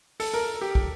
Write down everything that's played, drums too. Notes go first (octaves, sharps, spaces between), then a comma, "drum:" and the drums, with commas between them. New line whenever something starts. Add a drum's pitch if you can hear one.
A4, drum: open hi-hat
A#4
G4
drum: kick